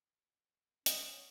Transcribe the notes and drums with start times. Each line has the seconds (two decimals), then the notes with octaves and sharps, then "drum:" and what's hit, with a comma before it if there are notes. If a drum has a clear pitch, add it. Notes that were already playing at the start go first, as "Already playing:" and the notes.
0.86 C#4 F#5 D#6, drum: hi-hat